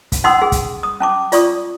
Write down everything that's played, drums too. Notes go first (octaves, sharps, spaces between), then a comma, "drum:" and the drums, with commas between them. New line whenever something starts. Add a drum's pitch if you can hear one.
drum: kick, hi-hat
C#4 D#4 F#5 C6 D#6 E6
G#4
drum: kick, hi-hat
D#6
C#4 A5 D6
F4 D5 C#6 D#6, drum: hi-hat